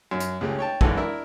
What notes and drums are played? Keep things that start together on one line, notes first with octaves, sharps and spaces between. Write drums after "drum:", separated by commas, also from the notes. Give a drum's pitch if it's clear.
F#2
drum: hi-hat
C#2 C#3 A3 G4 G#4
C#5 G5 A5
G#1 F#2 D3 E3 G#3 A4, drum: kick
D4 E4 A#4